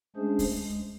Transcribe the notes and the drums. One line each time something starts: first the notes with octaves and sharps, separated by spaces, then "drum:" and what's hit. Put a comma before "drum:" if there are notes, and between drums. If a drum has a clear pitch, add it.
G#3 A3 C#4 D4 G#4 C5
drum: kick C#2, open hi-hat
G#3